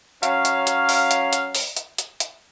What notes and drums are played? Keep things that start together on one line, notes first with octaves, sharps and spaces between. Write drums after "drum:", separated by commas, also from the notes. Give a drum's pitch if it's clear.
F#3 C#4 F5, drum: hi-hat
drum: hi-hat
drum: hi-hat
drum: open hi-hat
drum: hi-hat
drum: hi-hat
drum: open hi-hat
drum: hi-hat
drum: hi-hat
drum: hi-hat